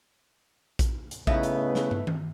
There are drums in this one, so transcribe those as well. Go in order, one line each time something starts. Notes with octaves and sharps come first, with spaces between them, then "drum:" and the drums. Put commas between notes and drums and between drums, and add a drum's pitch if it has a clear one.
drum: kick A#1, hi-hat
drum: hi-hat
C#3 A3 B3 D#4 E4 B4 E5 F5, drum: kick A#1
drum: hi-hat
drum: snare
drum: tom
drum: tom D#3